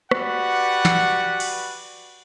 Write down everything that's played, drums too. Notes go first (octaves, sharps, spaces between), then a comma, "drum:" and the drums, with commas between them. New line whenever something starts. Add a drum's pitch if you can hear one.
F#4 G4 B4 D5 F#5, drum: rim click
drum: snare
drum: cymbal